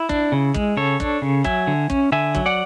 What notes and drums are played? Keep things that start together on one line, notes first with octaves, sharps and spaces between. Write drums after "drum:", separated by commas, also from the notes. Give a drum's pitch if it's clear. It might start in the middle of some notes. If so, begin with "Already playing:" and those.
Already playing: E4
D4, drum: kick
C#3
G#3, drum: kick
C#3 A4 C#5
D4, drum: kick
C#3
F#3 E5 G#5, drum: kick
D3
C#4, drum: kick
D3 E5 G#5
F#3, drum: kick
D5 F#5